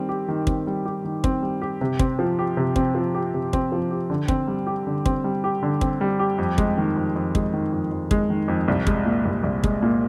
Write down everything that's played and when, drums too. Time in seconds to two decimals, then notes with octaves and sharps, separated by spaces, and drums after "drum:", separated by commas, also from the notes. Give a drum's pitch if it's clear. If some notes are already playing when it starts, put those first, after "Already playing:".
Already playing: D#3 G3 C4
0.09 G4
0.28 D#3
0.47 C4, drum: kick
0.67 G3
0.85 G4
1.04 D#3
1.24 C4, drum: kick
1.42 G3
1.62 G4
1.81 C3
1.99 C4, drum: kick
2.19 F3
2.39 G4
2.57 C3
2.76 C4, drum: kick
2.95 F3
3.15 G4
3.34 C3
3.53 C4, drum: kick
3.72 F3
3.91 G4
4.10 D3
4.28 C4, drum: kick
4.48 G3
4.67 G4
4.87 D3
5.06 C4, drum: kick
5.24 G3
5.44 G4
5.63 D3
5.81 C4, drum: kick
6.01 G3
6.19 G4
6.38 F2
6.58 G#3, drum: kick
6.78 D#3
6.96 F2
7.16 F2
7.35 G#3, drum: kick
7.53 D#3
7.73 F2
7.92 F2
8.11 G#3, drum: kick
8.30 D#3
8.48 F2
8.68 C2
8.87 G#3, drum: kick
9.05 A#2
9.25 C2
9.44 C2
9.64 G#3, drum: kick
9.83 A#2